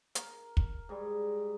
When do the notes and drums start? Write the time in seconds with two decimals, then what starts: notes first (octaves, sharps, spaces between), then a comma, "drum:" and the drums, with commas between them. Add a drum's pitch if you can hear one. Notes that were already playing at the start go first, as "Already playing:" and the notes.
0.15 A#4, drum: hi-hat
0.57 drum: kick
0.89 G#2 G3